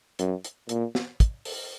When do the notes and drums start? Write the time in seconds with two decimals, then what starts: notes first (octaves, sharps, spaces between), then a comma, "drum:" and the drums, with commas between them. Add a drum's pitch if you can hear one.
0.19 F#2, drum: hi-hat
0.45 drum: hi-hat
0.69 A#2, drum: hi-hat
0.95 drum: snare
1.20 drum: kick, hi-hat
1.45 drum: open hi-hat